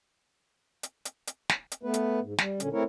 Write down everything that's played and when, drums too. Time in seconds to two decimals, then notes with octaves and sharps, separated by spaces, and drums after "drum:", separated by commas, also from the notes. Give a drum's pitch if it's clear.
0.83 drum: hi-hat
1.05 drum: hi-hat
1.27 drum: hi-hat
1.49 drum: snare
1.72 drum: hi-hat
1.83 A3 B3 B4
1.94 drum: hi-hat
2.23 G#2
2.38 G3, drum: snare
2.60 A#2 D3 C#4, drum: hi-hat
2.73 A3 C4 E4 A#4 C#5